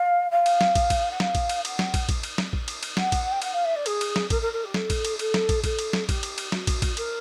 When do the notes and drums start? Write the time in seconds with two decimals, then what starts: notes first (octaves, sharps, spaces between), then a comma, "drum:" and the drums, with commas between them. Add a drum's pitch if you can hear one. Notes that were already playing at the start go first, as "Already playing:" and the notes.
Already playing: F5
0.31 F5
0.46 drum: cymbal
0.61 drum: snare
0.75 drum: kick, cymbal
0.90 drum: kick, cymbal
1.10 F#5
1.20 F5, drum: snare
1.35 drum: kick, cymbal
1.49 drum: cymbal
1.65 F#5, drum: cymbal
1.79 drum: snare
1.94 drum: kick, cymbal
2.09 drum: kick, cymbal
2.23 drum: cymbal
2.38 drum: snare
2.53 drum: kick
2.68 drum: cymbal
2.83 drum: cymbal
2.97 F#5, drum: snare
3.12 drum: kick, cymbal
3.32 G5
3.42 F#5, drum: cymbal
3.53 F5
3.64 E5
3.75 D5
3.86 G#4, drum: cymbal
4.01 drum: cymbal
4.16 drum: snare
4.30 A#4, drum: kick, cymbal
4.41 A#4
4.53 A#4
4.64 G4
4.74 A4, drum: snare
4.90 drum: kick, cymbal
5.05 drum: cymbal
5.19 A4, drum: cymbal
5.34 drum: snare
5.49 drum: kick, cymbal
5.64 A4, drum: kick, cymbal
5.79 drum: cymbal
5.93 drum: snare
6.09 G4, drum: kick, cymbal
6.23 drum: cymbal
6.38 drum: cymbal
6.52 F#4, drum: snare
6.67 drum: kick, cymbal
6.82 drum: kick, cymbal
6.97 A#4, drum: cymbal